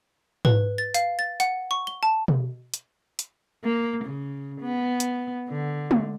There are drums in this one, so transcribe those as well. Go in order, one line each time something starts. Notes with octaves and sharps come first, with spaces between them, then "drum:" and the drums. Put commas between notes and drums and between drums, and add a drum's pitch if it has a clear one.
B4, drum: tom G#2
A6
F5, drum: hi-hat
A6
F#5, drum: hi-hat
C#6
G7
A5
drum: tom B2
drum: hi-hat
drum: hi-hat
A#3
C#3
B3
drum: hi-hat
D3
drum: tom G#3